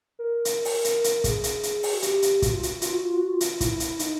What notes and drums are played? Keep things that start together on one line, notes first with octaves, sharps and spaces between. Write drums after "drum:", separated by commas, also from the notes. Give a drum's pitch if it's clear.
A#4
drum: hi-hat
drum: open hi-hat
drum: hi-hat
drum: hi-hat
G#4, drum: kick, hi-hat
drum: hi-hat
drum: hi-hat
drum: open hi-hat
F#4
G4, drum: hi-hat
drum: hi-hat
F#4, drum: kick, hi-hat
F4
F#4, drum: hi-hat
F4, drum: hi-hat
F#4
F4
F#4
F4
drum: hi-hat
E4, drum: kick, hi-hat
drum: hi-hat
D#4, drum: hi-hat